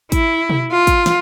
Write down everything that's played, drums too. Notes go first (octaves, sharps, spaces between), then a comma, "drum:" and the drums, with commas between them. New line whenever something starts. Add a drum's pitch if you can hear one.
E4, drum: kick, hi-hat
drum: tom B2
F4
drum: kick, hi-hat
drum: snare